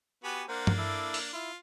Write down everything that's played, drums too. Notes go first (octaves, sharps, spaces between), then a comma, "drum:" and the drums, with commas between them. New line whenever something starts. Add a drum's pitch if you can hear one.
B3 F#4 G4 B4 G#5
A#3 D4 A#4 C5 F#5
drum: tom G2
E4 A4 D6
drum: open hi-hat
E4 F4